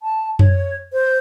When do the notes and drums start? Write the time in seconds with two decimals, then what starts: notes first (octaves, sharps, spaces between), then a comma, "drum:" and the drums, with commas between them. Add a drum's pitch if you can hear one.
0.02 A5
0.39 C#5, drum: tom F#2
0.93 C5